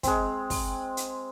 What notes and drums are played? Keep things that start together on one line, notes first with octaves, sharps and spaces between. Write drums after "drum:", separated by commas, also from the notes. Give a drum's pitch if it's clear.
G#3 C4, drum: kick, hi-hat
drum: kick, open hi-hat
drum: hi-hat